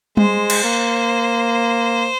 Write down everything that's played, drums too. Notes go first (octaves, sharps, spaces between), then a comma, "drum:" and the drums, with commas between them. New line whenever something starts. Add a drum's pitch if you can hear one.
G#3 C5, drum: tom G3
drum: cymbal
A#3